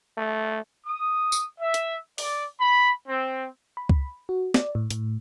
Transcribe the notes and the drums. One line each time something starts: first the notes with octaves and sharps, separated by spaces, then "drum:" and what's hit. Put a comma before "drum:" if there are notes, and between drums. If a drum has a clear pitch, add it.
A3
D#6
drum: tambourine
E5
drum: hi-hat
D5, drum: open hi-hat
B5
C4
B5
drum: kick C#2
F#4
D5, drum: snare
A2
A2, drum: hi-hat